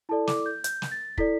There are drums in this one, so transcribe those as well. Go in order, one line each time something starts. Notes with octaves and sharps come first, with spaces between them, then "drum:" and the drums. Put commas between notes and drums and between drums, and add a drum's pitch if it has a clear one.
E4 A4 D5 A5
D6, drum: snare
G6
G6, drum: hi-hat
drum: snare
A6
E4 A4 D5 B6, drum: kick